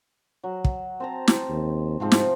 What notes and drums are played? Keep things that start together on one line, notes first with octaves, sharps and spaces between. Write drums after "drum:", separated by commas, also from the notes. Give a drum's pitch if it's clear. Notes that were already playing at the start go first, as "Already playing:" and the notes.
F#3
drum: kick
C4 A5 A#5
drum: snare
D#2
G#2 C3 F3 C4
drum: snare